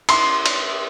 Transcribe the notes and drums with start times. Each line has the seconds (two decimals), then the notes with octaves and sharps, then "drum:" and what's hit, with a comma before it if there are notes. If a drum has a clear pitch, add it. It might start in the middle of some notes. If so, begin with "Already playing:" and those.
0.09 C6, drum: cymbal
0.46 drum: cymbal